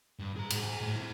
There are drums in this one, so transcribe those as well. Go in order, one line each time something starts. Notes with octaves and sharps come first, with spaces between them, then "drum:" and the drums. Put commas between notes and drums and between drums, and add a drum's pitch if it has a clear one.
G2
G#4 A#5
G#2, drum: cymbal
G#5
A2
C4 E4